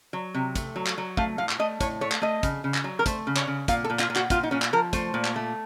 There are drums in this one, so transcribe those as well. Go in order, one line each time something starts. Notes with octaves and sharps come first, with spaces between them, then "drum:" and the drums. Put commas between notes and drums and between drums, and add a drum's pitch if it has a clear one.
F#3
C3
A3, drum: kick, hi-hat
F#3
drum: clap
F#3
A3 F5, drum: kick
A2 F5
drum: clap
A3 D#5
A2 C#5, drum: kick, hi-hat
A3 C#5
drum: clap
A3 D#5
C#3, drum: kick, hi-hat
C#3
drum: clap
F#3
A#4
A3 C5, drum: kick, hi-hat
C#3
C#5, drum: clap
C#3
A#2 F5, drum: kick, hi-hat
A4
A#2
F4, drum: clap
A#2
F#4, drum: clap
A#2 F4, drum: kick, hi-hat
D#4
A#2 C#4
drum: clap
F3 A#4
A3 C5, drum: kick, hi-hat
A#2
drum: clap
A3